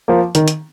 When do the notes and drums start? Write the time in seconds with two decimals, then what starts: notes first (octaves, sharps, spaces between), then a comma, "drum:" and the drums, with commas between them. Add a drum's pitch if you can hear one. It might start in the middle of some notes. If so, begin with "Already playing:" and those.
0.08 F3 A#3
0.35 D#3, drum: hi-hat
0.48 drum: hi-hat